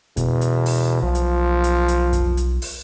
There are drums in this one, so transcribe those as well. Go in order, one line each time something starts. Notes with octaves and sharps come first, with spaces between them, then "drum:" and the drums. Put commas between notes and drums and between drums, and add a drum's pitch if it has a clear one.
E2 B2, drum: kick F2, hi-hat
drum: hi-hat
drum: open hi-hat
B1 F3
drum: hi-hat
drum: hi-hat
drum: hi-hat
drum: kick F2, hi-hat
drum: hi-hat
drum: open hi-hat